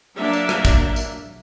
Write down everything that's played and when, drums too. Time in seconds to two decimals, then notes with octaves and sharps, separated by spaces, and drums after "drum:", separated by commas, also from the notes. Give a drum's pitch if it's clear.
0.18 F#3 A#3 D4 A#4 E5
0.33 drum: tambourine
0.49 drum: rim click
0.65 drum: kick, tambourine
0.96 drum: tambourine